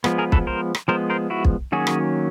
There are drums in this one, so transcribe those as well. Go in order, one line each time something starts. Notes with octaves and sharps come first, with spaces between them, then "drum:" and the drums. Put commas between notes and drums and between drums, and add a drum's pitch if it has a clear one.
F3 G#3 B3, drum: rim click
G#4 A#4
A4 B4, drum: kick
A#4 C5
drum: rim click
F3 G#3 B3 A#4 C5
A#4 C5
E4 F#4
drum: kick
D#3 F#3 A#3 C#4 F#4 G#4
drum: rim click